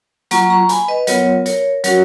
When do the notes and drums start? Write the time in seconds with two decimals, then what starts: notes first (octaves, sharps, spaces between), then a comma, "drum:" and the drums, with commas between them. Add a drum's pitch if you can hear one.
0.31 F#3 A#3 F4 A#5 C#6, drum: hi-hat
0.50 A#5 C#6
0.69 G#5 B5, drum: hi-hat
0.88 B4 D#5
1.07 F#3 B3 F4 A#4 C#5, drum: hi-hat
1.46 A#4 C#5, drum: hi-hat
1.84 F#3 C#4 F#4 A#4 C#5, drum: hi-hat